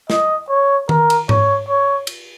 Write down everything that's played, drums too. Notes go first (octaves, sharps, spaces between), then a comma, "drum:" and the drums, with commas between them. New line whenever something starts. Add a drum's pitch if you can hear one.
D#5, drum: snare
C#5
A#4, drum: tom D#3
drum: cymbal
C#5, drum: tom G#2
C#5
drum: cymbal